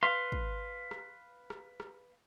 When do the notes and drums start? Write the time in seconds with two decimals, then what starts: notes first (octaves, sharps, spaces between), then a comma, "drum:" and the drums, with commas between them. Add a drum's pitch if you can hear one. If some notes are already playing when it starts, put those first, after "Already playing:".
0.03 B4 F5 C6
0.32 drum: kick
0.91 drum: rim click
1.50 drum: rim click
1.80 drum: rim click